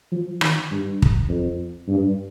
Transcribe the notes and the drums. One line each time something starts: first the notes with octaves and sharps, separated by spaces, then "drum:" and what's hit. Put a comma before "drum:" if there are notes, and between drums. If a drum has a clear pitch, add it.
F3
D#3, drum: rim click
G2
drum: kick
F2
G2